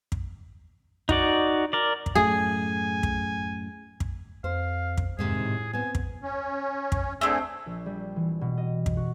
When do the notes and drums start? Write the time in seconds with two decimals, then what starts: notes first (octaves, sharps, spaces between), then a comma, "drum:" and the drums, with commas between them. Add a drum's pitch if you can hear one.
0.12 drum: kick
1.09 D#4 F#4 D5, drum: kick
1.73 A#4 D5
2.06 drum: kick
2.15 F#2 A2 A3 G#4 G#5
3.03 drum: kick
4.00 drum: kick
4.44 F2 C5 F5
4.97 drum: kick
5.19 F2 G#2 C3 D#3 G#4
5.41 A2
5.73 B3 C4 G#5
5.95 drum: kick
6.23 C#4
6.92 drum: kick
7.21 D3 A3 C4 G#4
7.66 A#1
7.86 G3
8.16 E3
8.41 B2
8.58 D#5
8.86 drum: kick
8.97 F#4